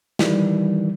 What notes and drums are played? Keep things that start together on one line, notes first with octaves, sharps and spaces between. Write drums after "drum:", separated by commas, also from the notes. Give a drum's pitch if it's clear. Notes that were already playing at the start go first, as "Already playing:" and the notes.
D#3 E3 G3, drum: snare